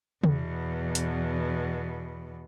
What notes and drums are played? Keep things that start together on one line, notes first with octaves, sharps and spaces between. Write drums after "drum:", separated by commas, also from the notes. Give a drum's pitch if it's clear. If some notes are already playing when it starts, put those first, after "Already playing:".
E2 B2, drum: tom
drum: hi-hat